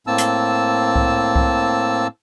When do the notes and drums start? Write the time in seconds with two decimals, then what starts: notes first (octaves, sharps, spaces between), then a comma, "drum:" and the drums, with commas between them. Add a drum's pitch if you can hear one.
0.07 A2 A#3 C4 A5 E6
0.18 drum: hi-hat
0.96 drum: kick C2
1.36 drum: kick C2